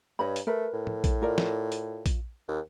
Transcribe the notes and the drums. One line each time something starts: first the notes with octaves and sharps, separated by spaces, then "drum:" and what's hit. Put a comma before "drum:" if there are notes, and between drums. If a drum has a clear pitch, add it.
G2 C#5 D#5 B5
drum: hi-hat
A3 A#4 B4
A2
drum: tom A2
drum: kick A#1, hi-hat
F4 A#4 D5
drum: snare
drum: hi-hat
drum: kick A#1, hi-hat
D#2